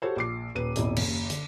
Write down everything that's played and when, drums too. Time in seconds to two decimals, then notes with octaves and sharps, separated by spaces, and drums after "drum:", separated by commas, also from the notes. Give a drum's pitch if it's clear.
0.02 F#4 G4 A4 C5 C#5
0.16 A#1 D6 C7
0.55 D#1 B4 D#7
0.76 D#1 G#1 B2 E4 D#5, drum: hi-hat
0.97 F#1 D#2, drum: cymbal
1.30 D3, drum: hi-hat